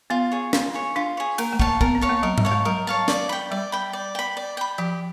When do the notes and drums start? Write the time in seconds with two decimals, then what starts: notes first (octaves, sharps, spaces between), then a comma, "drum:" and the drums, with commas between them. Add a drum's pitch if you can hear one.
0.10 B3 F4
0.32 G#4 C#5
0.53 C#4 F4, drum: snare
0.74 G#4 C#5
0.96 D4 F4
1.17 G#4 C#5
1.38 A#3 A#4, drum: cymbal
1.53 A3
1.59 A#3 C#5 F5 A5, drum: kick
1.81 B3 A#4, drum: kick
1.95 C4
2.01 C#5 F5 A5
2.09 A#3
2.23 F#3 A#4
2.38 G3, drum: tom G#2
2.45 C#5 F5 A5
2.51 G#3
2.65 F#3 A#4
2.87 C#5 F5 A5
3.08 D5, drum: snare
3.29 G5 B5
3.51 G3 D5
3.72 G5 B5
3.93 D5
4.15 G5 B5
4.37 D5
4.57 G5 B5
4.78 F3 G4